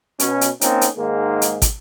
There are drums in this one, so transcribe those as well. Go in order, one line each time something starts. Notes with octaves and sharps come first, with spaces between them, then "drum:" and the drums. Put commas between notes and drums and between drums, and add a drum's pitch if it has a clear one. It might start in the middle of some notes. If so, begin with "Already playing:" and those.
B2 C#4, drum: hi-hat
drum: hi-hat
A#3 C4 C#4 D#4, drum: hi-hat
drum: hi-hat
G#2 D#3 G#3 A#3
drum: hi-hat
drum: kick, hi-hat